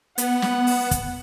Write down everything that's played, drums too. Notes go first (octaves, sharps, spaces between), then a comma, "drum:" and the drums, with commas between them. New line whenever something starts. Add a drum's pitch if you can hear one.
B3 F#5, drum: hi-hat
drum: snare
drum: open hi-hat
drum: kick, hi-hat